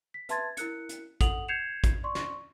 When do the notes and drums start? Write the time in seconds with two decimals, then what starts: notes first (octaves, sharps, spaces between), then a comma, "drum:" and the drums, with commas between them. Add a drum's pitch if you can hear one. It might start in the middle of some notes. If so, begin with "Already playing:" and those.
0.14 B6
0.29 B4 E5 A5 C6 G#6 A6, drum: hi-hat
0.57 E4 A#4 F#6 C#7, drum: hi-hat
0.89 drum: hi-hat
1.21 A4 F#5 D#6 F7 F#7, drum: kick, hi-hat
1.48 G6 G#6 C7 C#7 E7 F7
1.84 drum: kick, hi-hat
2.04 D5 C6 C#6
2.15 drum: snare